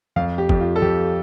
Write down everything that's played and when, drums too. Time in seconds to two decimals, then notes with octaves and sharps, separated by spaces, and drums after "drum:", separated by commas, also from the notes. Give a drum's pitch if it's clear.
0.16 F2 F5
0.38 G4
0.49 F2, drum: kick
0.61 F4
0.76 A4
0.82 F2 G4